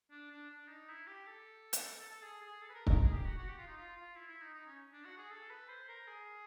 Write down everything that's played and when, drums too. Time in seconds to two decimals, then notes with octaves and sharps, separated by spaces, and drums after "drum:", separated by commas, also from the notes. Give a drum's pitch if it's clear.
0.11 D4
0.31 D4
0.50 D4
0.68 D#4
0.89 E4
1.07 G4
1.27 A4
1.73 drum: hi-hat
2.11 A4
2.22 G#4
2.42 G#4
2.62 A4
2.70 B4
2.74 A#4
2.87 A#4, drum: kick
3.04 G#4
3.13 G4
3.25 F#4
3.38 F#4
3.49 G4
3.57 F4
3.67 D#4
3.76 F4
3.96 F4
4.15 E4
4.28 E4
4.42 D#4
4.54 D#4
4.67 C#4
4.93 D4
5.05 F#4
5.18 G#4
5.31 A4
5.50 B4
5.69 C5
5.89 A#4
6.07 G#4